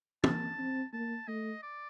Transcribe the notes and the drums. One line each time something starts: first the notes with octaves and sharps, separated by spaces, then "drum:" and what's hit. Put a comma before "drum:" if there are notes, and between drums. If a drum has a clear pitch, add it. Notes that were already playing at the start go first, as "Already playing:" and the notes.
A#3 A5, drum: tom
C4
A#3 A5
A3 D#5
D5